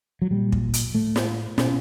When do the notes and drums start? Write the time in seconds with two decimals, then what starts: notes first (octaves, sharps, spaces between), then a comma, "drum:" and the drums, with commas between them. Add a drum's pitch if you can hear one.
0.22 F#3
0.31 A#2 G3
0.52 drum: kick
0.74 drum: hi-hat
0.95 A2 A3
1.16 drum: snare
1.58 B2 C#4, drum: snare